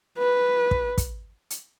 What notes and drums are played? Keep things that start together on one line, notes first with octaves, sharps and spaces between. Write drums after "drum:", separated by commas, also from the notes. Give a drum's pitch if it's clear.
B4
drum: kick
drum: kick, hi-hat
drum: hi-hat